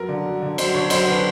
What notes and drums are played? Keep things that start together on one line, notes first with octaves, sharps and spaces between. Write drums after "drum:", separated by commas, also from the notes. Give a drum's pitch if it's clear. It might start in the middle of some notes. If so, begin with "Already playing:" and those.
Already playing: F#2 A#4
D3
F#2
D3
F#2 C5, drum: cymbal
D3 C#5
F#2 C5, drum: cymbal
D3 B4